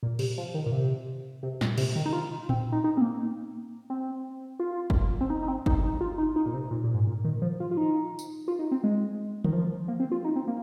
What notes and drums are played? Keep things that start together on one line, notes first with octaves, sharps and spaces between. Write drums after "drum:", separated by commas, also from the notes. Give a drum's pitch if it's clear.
A#2
C3, drum: cymbal
F3
D#3
A#2
C3
C3
A#2, drum: snare
C3, drum: cymbal
D#3
D#4
F4
C4, drum: tom A2
D#4
D#4
C4
A#3
C4
F4
drum: kick G1
C4
D#4
D#4
C4
D#4, drum: kick G1
D#4
F4
D#4
D#4
A#2
C3
A#2
A#2
G#2
A#2
D#3
F3
F4
F4
D#4
drum: tambourine
F4
D#4
C4
G#3
D#3, drum: tom E3
F3
A#3
C4
F4
D#4
C4
A#3